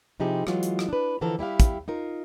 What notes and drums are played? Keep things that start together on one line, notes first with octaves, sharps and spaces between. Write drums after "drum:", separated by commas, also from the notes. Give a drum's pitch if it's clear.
C3 F3 D#4 E4 G4 G#4
E3 F#3 G#3 F4, drum: rim click
drum: hi-hat
drum: rim click
D4 B4
D3 E3 F3 A4 A#4 A#5
G3 E4 G4 F5
drum: kick, hi-hat
D#4 F4 A#4